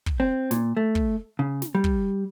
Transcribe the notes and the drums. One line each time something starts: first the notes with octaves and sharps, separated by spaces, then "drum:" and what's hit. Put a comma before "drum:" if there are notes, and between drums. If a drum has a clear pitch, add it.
drum: kick
C4
A#2, drum: snare
A3
drum: kick
C#3
drum: snare
G3
drum: kick